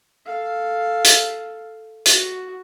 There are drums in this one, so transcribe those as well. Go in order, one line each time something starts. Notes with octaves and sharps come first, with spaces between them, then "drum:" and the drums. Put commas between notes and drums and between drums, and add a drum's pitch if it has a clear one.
A4 F5
drum: hi-hat
F#4, drum: hi-hat